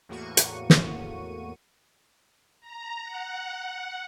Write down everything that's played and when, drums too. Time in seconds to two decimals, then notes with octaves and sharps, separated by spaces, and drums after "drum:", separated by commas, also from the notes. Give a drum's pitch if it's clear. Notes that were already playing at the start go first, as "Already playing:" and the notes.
0.09 E2 A2 A#3 F#4 C#6 D#7
0.37 drum: hi-hat
0.70 drum: snare
2.61 A#5
3.04 F#5